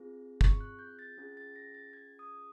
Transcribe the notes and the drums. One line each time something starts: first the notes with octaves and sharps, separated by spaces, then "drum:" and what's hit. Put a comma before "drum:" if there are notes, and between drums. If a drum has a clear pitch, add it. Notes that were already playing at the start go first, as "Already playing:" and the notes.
Already playing: C4 F4 G#4
C#6, drum: kick
F#6
G6
A6
C#4 F4 G#4
A6
A#6
A6
G#6
D#6